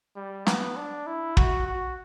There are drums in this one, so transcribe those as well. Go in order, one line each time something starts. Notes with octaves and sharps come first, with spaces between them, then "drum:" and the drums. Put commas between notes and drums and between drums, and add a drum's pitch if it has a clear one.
G3
B3, drum: snare
D4
E4
F#4, drum: kick
F#4